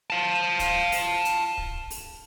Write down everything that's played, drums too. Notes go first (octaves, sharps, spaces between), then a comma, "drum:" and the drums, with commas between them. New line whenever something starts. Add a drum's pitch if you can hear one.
F5 A5
drum: kick, hi-hat
drum: open hi-hat
drum: hi-hat
drum: kick
drum: open hi-hat